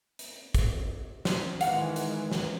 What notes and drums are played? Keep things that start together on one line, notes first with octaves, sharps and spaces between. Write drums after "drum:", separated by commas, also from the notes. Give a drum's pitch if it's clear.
drum: hi-hat
drum: kick, hi-hat
drum: snare
D#3 E3 G#3 F5 F#5, drum: hi-hat
drum: hi-hat
drum: snare